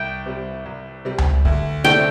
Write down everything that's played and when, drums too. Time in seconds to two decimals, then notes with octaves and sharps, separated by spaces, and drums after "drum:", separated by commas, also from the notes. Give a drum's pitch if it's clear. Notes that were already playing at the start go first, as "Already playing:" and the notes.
Already playing: C2 G5
0.26 C3 G3
0.66 C2
1.05 C3 G3
1.18 drum: tom C#2
1.45 D2, drum: kick
1.84 C3 A3 D4 G5